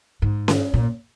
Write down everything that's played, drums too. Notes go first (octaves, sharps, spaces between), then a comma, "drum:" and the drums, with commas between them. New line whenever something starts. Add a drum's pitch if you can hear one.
G#2
drum: snare C#4
A#2